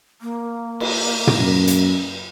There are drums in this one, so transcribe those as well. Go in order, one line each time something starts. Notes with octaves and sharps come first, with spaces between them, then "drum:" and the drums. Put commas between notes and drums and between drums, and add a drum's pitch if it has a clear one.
A#3
drum: cymbal
drum: tom
F#2
drum: hi-hat